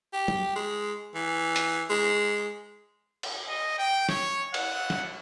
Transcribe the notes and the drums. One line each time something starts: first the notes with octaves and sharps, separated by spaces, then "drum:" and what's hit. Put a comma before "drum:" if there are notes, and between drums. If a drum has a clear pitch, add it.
G4
drum: tom
G#3
E3
drum: hi-hat
G#3
drum: cymbal
D#5
G5
C#5, drum: snare
F#5, drum: cymbal
drum: snare